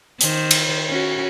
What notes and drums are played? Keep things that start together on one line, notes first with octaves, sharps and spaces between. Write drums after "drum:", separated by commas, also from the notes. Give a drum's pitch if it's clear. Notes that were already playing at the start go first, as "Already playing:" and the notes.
D#3 C5, drum: hi-hat
drum: cymbal
C#4 F#4